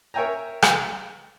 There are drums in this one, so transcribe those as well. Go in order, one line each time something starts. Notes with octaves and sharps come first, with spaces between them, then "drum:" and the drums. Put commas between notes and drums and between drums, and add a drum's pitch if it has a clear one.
A#4 C#5 E5 G5 G#5 A#5
drum: rim click